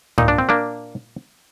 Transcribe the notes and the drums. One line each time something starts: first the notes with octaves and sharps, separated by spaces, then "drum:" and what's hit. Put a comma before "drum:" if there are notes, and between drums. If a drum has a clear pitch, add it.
A#2 D#4, drum: tom G#2
D4
C4
A#3 D4